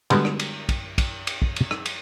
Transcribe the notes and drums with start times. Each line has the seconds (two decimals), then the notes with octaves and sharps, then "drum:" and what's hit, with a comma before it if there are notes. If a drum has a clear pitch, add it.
0.10 D3 G3 G#3 B3 F#4, drum: cymbal
0.25 drum: rim click
0.39 drum: cymbal
0.69 drum: kick, cymbal
0.98 drum: kick, cymbal
1.27 drum: cymbal
1.42 drum: kick
1.56 drum: cymbal
1.71 drum: rim click
1.86 drum: cymbal